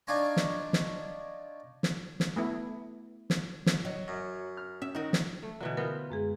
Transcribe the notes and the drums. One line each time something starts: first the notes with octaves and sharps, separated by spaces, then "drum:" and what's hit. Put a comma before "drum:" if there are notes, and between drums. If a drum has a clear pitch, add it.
D4 D#4 F4 C#5 G#5 A#5
drum: snare
drum: snare
drum: snare
drum: snare
A3 B3 E4
drum: snare
drum: snare
F#3 D#5
F#2
F6
C#4 E5
D#3 D#4 F#4 A#4
drum: snare
A3
B2 D3 E3 F#3
B3 F4 A#4 C5
F#2 G#3 G#4